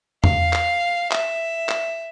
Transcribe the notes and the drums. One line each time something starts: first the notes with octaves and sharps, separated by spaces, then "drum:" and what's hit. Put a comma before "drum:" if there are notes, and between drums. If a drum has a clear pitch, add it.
F5, drum: tom E2
drum: clap
E5, drum: clap
drum: clap